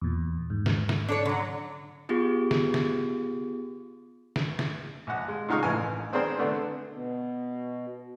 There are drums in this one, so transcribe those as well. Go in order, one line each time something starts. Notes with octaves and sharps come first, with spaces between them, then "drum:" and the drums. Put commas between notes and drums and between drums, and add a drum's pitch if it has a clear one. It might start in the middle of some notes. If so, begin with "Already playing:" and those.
E2 A#2
G#2
drum: snare
drum: snare
D4 A4 C#5
D3 F#3
B3 F4 G4 G#4
drum: snare
drum: snare
drum: snare
drum: snare
A#1 F#5
G#3
A#2 C#3 D#4 F5 C#6
A1 E3 A#4 G#5
B3 C4 D4 G#4 A#4 C5
D3 A3 B3 D4
B2